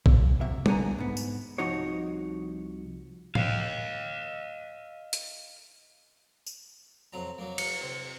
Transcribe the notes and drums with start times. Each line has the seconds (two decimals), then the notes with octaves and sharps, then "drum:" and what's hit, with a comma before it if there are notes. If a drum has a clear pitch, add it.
0.06 A#2, drum: kick A#1
0.41 F#2 C3 E5
0.66 C2 D3 B3 G#5 A#5, drum: tom G3
0.98 G#2 B3
1.17 drum: tambourine
1.58 C2 F3 D#4 F#4 C#5
3.35 D#5 F5, drum: tom A2
5.13 drum: hi-hat
6.47 drum: tambourine
7.13 F2 F#3 A#5
7.38 F#3 A#3
7.58 C#7, drum: cymbal
7.81 C3